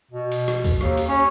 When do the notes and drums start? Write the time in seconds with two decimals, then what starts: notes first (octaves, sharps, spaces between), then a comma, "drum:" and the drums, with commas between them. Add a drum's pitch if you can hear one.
0.11 B2
0.32 drum: cymbal
0.48 drum: rim click
0.64 drum: kick C2, cymbal
0.81 D#2, drum: rim click
0.97 drum: cymbal
1.08 C#4